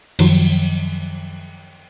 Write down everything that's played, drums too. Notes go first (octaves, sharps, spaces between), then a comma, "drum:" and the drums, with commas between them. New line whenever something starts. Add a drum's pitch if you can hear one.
F#2 D#3 F3 F#3, drum: cymbal